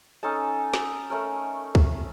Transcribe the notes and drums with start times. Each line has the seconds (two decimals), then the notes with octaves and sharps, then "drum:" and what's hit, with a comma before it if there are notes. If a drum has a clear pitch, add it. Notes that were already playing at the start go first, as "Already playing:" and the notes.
0.23 C#4 D#4 A4 A5
0.74 drum: snare
1.10 A3 C#4 A#4
1.75 drum: kick